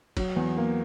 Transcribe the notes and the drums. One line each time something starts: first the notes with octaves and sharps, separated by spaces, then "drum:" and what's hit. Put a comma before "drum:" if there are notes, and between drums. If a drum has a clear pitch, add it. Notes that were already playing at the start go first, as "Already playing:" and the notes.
F#3, drum: kick, cymbal
E2
A#3